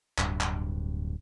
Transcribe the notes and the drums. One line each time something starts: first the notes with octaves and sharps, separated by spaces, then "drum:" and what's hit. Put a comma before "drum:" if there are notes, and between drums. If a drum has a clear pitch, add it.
D1 G2, drum: clap
drum: clap